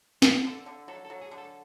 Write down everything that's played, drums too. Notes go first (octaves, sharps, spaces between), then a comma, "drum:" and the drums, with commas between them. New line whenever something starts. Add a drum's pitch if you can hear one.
D3 G#4, drum: snare
D3 A4
D3
F#3 A4
A4
F#3
G#4
D3
A4